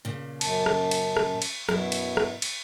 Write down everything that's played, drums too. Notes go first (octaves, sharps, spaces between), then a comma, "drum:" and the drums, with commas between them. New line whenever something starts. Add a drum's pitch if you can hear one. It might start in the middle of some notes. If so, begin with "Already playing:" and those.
A#2 C#3
F#2 A5, drum: cymbal
drum: rim click
drum: cymbal
drum: rim click
drum: cymbal
F#2 B2 E4, drum: rim click
drum: cymbal
drum: rim click
drum: cymbal